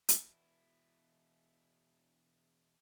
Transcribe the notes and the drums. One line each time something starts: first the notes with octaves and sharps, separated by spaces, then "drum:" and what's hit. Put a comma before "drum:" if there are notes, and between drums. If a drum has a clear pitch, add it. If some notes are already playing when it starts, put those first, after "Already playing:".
E2 B2 E4, drum: hi-hat